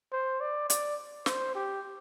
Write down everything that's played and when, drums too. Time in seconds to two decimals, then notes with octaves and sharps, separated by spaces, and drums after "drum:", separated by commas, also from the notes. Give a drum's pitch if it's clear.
0.12 C5
0.40 D5
0.70 D5, drum: hi-hat
1.26 C5, drum: snare
1.55 G4